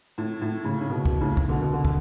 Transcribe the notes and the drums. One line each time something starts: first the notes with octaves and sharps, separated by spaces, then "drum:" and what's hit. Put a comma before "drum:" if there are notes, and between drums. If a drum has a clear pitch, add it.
A2
A2
A2 C#3
C#3
B2
B2, drum: kick
A2 C#3
drum: kick
B2 D3
B2
B2 D3
D3, drum: kick